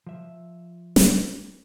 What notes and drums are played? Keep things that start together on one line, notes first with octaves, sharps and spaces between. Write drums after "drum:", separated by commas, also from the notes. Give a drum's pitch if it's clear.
F3 E5
drum: snare